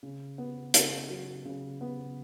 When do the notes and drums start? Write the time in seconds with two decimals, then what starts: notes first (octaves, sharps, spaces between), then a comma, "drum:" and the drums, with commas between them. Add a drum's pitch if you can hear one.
0.03 C#3
0.38 B3
0.74 C#3, drum: hi-hat
1.09 F#3
1.45 C#3
1.81 B3